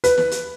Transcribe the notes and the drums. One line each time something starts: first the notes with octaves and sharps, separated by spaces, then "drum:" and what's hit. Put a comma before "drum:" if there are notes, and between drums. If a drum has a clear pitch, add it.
B4, drum: hi-hat
drum: snare
drum: hi-hat